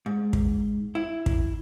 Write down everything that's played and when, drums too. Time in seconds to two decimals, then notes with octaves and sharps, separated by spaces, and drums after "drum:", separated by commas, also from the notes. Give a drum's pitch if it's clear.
0.06 G#2
0.33 drum: kick
0.95 E4
1.26 drum: kick